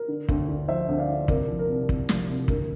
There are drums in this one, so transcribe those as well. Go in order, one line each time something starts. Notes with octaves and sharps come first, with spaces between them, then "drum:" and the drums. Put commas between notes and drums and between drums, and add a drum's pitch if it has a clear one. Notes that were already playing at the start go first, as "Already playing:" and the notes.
Already playing: A#4
D3
D2, drum: kick
D3
F3 C5 E5
D2
D5 F5
D3
C2 A#4 D5, drum: kick
F3
A#4
C2
C3, drum: kick
F3, drum: snare
C2
D2 A#4, drum: kick